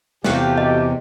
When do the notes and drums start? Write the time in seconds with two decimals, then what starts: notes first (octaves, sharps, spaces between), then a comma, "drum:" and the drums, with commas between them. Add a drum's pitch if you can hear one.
0.24 E2 C3 A3 F#4 G4 F5, drum: snare
0.58 D#5